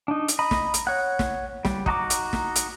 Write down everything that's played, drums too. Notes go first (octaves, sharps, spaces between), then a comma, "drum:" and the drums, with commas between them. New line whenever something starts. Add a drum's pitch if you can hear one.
D4 D#4
drum: hi-hat
D#5 A#5 B5
drum: snare
drum: hi-hat
C#5 F#5
drum: snare
G3, drum: snare
D#4 F#4 A#5 D6, drum: kick
drum: hi-hat
drum: snare
drum: hi-hat